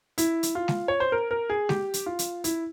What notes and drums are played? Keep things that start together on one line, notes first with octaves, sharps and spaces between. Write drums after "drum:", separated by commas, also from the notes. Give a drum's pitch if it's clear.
E4, drum: hi-hat
drum: hi-hat
F4
drum: snare
C#5
C5
A#4
A#4
G#4
G4, drum: snare
drum: hi-hat
F4
drum: hi-hat
E4, drum: hi-hat